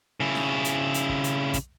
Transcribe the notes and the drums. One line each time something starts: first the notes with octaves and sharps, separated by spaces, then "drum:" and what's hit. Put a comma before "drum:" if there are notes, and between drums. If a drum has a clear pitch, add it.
C#3 E4
drum: snare
drum: hi-hat
drum: hi-hat
drum: kick
drum: hi-hat
drum: kick, hi-hat